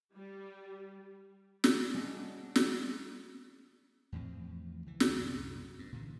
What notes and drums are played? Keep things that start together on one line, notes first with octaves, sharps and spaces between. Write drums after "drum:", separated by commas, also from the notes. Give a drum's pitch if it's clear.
G3
drum: snare
G3 C#4 D4 G#4 D#5 F#5
drum: snare
E2 A2 F3 C4
C#2 E3
drum: snare
C2 F#2 A#2
G2
A#2 D3 E3